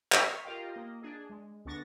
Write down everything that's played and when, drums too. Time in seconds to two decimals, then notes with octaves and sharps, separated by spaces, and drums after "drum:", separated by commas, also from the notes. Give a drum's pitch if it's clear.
0.12 C6 C#6 F6 B6 C7, drum: clap
0.45 F4 G4 A#4 D#5 F5 G5
0.72 A#3 D#5
1.02 D4 G#4
1.30 G#3
1.65 D2 B3 D4 C#6 A6 A#6